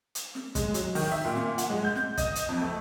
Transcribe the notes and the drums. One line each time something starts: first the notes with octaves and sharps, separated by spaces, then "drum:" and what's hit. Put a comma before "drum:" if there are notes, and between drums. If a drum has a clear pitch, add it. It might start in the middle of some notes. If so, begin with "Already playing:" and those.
drum: hi-hat
drum: snare
G#3, drum: kick, hi-hat
F#3, drum: hi-hat
D#3, drum: open hi-hat
E5
A#2
drum: snare
F#5, drum: hi-hat
G#3
G6
drum: snare
D#5, drum: kick, hi-hat
drum: hi-hat
F2
A3